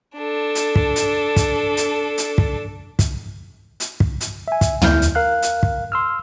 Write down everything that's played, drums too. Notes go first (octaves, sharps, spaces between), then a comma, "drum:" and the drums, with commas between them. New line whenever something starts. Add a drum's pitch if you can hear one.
D4 A4
drum: hi-hat
drum: kick
drum: hi-hat
drum: kick, hi-hat
drum: hi-hat
drum: hi-hat
drum: kick
drum: kick, hi-hat
drum: hi-hat
drum: kick
drum: hi-hat
E5 G#5
drum: kick, hi-hat
D2 E4 E5 F6 G6, drum: tom
drum: hi-hat
A#4 F5 F#6
drum: hi-hat
drum: kick
C6 E6 F6